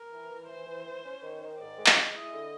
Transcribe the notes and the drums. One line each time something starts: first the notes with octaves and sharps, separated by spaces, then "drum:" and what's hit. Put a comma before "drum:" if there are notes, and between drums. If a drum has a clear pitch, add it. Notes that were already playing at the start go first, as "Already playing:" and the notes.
Already playing: A#4
E3
E3
E3 C5
E3
E3
C#4
D#3
D#3
G#2 D5
G#3
drum: clap
G#3
E4 D#5
D3